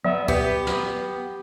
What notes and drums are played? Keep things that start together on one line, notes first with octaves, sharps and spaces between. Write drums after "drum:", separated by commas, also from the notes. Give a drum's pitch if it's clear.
F#3 B3 E5
B3 G4 B4, drum: kick
drum: snare